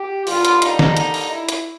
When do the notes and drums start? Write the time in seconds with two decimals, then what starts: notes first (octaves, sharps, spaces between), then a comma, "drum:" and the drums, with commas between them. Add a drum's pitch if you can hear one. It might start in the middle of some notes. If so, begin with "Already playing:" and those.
Already playing: G4
0.27 D3 G3 A#3 F4, drum: open hi-hat
0.45 drum: hi-hat
0.62 D#4, drum: hi-hat
0.79 drum: snare
0.97 drum: hi-hat
1.14 drum: open hi-hat
1.31 E4
1.49 drum: hi-hat